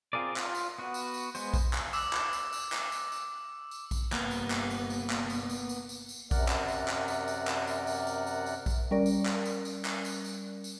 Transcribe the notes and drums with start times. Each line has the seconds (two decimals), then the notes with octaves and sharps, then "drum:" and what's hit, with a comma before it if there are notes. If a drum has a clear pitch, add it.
0.13 C4 F4 G#4 A#4 D5
0.36 F4, drum: clap
0.55 drum: tambourine
0.78 B3 F#4
0.94 drum: tambourine
1.14 drum: tambourine
1.35 G#3 B3 C5, drum: tambourine
1.54 drum: kick A#1, tambourine
1.73 drum: clap
1.93 D6 E6, drum: tambourine
2.13 drum: clap
2.33 drum: tambourine
2.53 drum: tambourine
2.72 drum: clap
2.92 drum: tambourine
3.12 drum: tambourine
3.71 drum: tambourine
3.91 drum: kick A#1, tambourine
4.12 G1 C3 A#3 B3, drum: clap
4.31 drum: tambourine
4.50 drum: clap
4.70 drum: tambourine
4.90 drum: tambourine
5.10 drum: clap
5.30 drum: tambourine
5.49 drum: tambourine
5.69 drum: tambourine
5.89 drum: tambourine
6.09 drum: tambourine
6.31 F#2 C3 A#4 D5 F#5, drum: kick A#1, tambourine
6.48 drum: clap
6.68 drum: tambourine
6.88 drum: clap
7.08 drum: tambourine
7.28 drum: tambourine
7.47 drum: clap
7.67 drum: tambourine
7.87 drum: tambourine
8.07 drum: tambourine
8.27 drum: tambourine
8.46 drum: tambourine
8.66 drum: kick A#1, tambourine
8.91 G3 C#4 A#4 D5
9.06 drum: tambourine
9.26 drum: clap
9.45 drum: tambourine
9.65 drum: tambourine
9.85 drum: clap
10.05 drum: tambourine
10.25 drum: tambourine
10.64 drum: tambourine